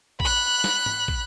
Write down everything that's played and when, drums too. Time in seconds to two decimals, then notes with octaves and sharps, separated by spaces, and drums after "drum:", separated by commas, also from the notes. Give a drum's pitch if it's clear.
0.20 B5 F#6, drum: kick
0.64 drum: snare
0.86 drum: tom G#2
1.08 drum: kick